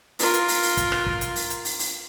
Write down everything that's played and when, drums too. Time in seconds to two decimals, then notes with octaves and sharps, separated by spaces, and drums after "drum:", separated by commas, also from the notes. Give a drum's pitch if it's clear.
0.19 F4 A#4, drum: open hi-hat
0.34 drum: hi-hat
0.48 drum: open hi-hat
0.63 drum: open hi-hat
0.77 drum: kick, hi-hat
0.92 drum: rim click
1.06 drum: kick
1.21 drum: hi-hat
1.36 drum: open hi-hat
1.50 drum: hi-hat
1.65 drum: open hi-hat
1.79 drum: open hi-hat